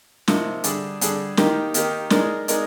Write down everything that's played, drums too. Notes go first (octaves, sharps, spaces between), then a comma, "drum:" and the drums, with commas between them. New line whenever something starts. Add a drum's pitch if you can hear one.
C3 F3 A#3 D#4, drum: snare
D3 G3 D4 G#4, drum: hi-hat
D3 G3 D4 G#4, drum: hi-hat
D#3 A#3 D#4 G4 A#4, drum: snare
D#3 A#3 D#4 G4 A#4, drum: hi-hat
G#3 D#4 A#4 D5, drum: snare
G#3 D#4 A#4 D5, drum: hi-hat